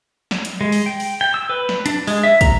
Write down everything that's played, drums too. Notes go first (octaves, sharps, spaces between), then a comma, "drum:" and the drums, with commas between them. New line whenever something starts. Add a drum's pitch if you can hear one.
drum: snare
drum: hi-hat
G#3
drum: open hi-hat
G5
drum: open hi-hat
G5
E6
B4
drum: snare
D4, drum: hi-hat
G#3, drum: open hi-hat
E5
A#5, drum: kick, hi-hat